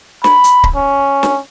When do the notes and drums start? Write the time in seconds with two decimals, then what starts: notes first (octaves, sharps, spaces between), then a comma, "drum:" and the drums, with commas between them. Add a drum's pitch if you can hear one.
0.24 B5, drum: snare
0.44 drum: hi-hat
0.64 drum: kick C#1
0.76 C#4
1.23 drum: snare